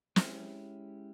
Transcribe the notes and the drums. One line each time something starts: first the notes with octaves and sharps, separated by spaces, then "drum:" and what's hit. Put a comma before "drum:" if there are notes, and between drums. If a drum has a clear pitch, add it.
G#3 C#4 E4 G4, drum: snare